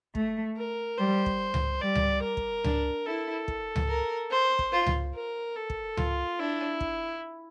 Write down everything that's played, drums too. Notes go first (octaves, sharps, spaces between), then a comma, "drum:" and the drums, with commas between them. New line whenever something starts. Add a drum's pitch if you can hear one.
A3, drum: kick
A#4
G3 C5
drum: kick
drum: tom C#2
G3 D5
drum: tom C#2
A#4
drum: kick
D4, drum: tom C#2
E4 A4
drum: kick
drum: tom C#2
A#4
C5
drum: kick
F4
drum: tom C#2
A#4
A4
drum: kick
F4, drum: tom C#2
D4 E4
drum: kick